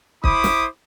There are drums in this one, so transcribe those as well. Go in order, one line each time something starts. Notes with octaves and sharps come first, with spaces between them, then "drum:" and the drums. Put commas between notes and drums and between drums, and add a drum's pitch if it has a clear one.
E4 C5 B5 D6 D#6, drum: kick
drum: snare